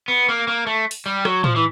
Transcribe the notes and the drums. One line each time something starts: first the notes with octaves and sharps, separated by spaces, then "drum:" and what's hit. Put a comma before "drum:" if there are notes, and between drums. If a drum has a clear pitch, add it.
B3
A#3
A#3
A3
drum: open hi-hat
G3
F#3, drum: rim click
F3, drum: tom A2
E3